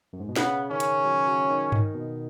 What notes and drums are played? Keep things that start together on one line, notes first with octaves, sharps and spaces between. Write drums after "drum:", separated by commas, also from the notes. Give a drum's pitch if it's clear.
F#2
G#2
B2
C#3 B3, drum: snare
D#3 C#4
drum: hi-hat
F#3
F#3
D#3
D#3, drum: tom G2
B2